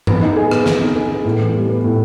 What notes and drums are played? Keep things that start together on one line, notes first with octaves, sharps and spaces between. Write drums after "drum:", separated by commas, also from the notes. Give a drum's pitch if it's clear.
B3, drum: tom G2
D#4
G#4
B3, drum: rim click
B3, drum: snare
D#4
G#4
B3
A2
E3
G3
B3
A2